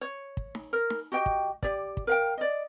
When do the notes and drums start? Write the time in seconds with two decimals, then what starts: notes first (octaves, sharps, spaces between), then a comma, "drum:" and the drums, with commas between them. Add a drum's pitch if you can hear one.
0.01 C#5
0.37 drum: kick
0.55 drum: snare D#4
0.73 A#4
0.90 drum: snare D#4
1.12 F#4 G4 D#5 G5
1.26 drum: kick
1.63 G4 D5, drum: kick
1.97 drum: kick
2.07 A#4 F5 G5
2.38 D5 D#5